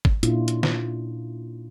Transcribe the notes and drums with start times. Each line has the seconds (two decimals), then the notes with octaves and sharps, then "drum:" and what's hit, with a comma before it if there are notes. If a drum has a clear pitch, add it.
0.05 drum: kick
0.23 A#2 C#4 D4 E4 F4, drum: hi-hat
0.48 drum: hi-hat
0.63 drum: snare